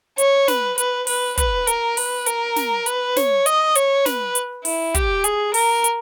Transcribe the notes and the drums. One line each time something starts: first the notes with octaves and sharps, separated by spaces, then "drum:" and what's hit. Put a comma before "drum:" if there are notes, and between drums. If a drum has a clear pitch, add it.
C#5, drum: hi-hat
B4, drum: snare
B4, drum: hi-hat
B4, drum: open hi-hat
B4, drum: kick, hi-hat
A#4, drum: hi-hat
B4, drum: open hi-hat
A#4, drum: hi-hat
drum: snare
B4, drum: hi-hat
C#5, drum: snare
D#5, drum: hi-hat
C#5, drum: hi-hat
B4, drum: snare
drum: hi-hat
E4, drum: open hi-hat
G4, drum: kick, hi-hat
G#4, drum: hi-hat
A#4, drum: open hi-hat
drum: hi-hat